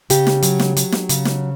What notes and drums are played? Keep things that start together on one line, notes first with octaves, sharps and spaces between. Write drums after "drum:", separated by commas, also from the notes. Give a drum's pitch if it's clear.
C#3 G4, drum: hi-hat
drum: snare
F#3, drum: hi-hat
drum: snare
F#3, drum: hi-hat
drum: snare
C#3, drum: hi-hat
drum: snare